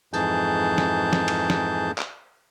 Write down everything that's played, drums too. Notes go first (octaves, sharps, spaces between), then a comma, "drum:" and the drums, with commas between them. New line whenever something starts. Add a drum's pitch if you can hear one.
F2 G#2 E3 G#4 A5 G6, drum: tambourine
drum: snare
drum: snare
drum: cymbal
drum: snare
drum: clap